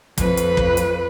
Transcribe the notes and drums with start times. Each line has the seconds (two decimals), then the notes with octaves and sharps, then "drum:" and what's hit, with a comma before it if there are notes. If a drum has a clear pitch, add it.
0.18 F2 B4, drum: kick, hi-hat
0.37 drum: hi-hat
0.57 drum: kick
0.77 drum: hi-hat